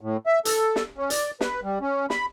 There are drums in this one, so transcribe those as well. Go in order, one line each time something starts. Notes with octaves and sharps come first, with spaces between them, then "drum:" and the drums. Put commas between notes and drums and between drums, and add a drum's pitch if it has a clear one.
A2
E5
A4, drum: hi-hat
drum: snare
C#4
D5, drum: hi-hat
B4, drum: snare
G3
C#4
B5, drum: snare